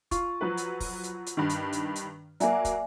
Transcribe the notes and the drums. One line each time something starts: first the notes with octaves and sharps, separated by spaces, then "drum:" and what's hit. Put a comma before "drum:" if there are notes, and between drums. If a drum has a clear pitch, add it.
F4 C#6, drum: kick, hi-hat
F3 F#3 B4
drum: hi-hat
drum: kick, open hi-hat
drum: hi-hat
drum: hi-hat
G2 D#3
drum: hi-hat
drum: hi-hat
drum: hi-hat
F#3 A#3 D5 E5 G#5, drum: hi-hat
drum: kick, hi-hat